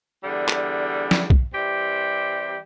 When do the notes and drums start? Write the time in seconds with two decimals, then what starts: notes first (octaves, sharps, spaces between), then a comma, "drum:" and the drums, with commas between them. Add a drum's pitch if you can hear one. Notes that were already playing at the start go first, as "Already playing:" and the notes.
0.23 E2 D3 G3
0.48 drum: clap
1.11 drum: snare
1.30 drum: kick B1
1.53 E3 G3 C4 G4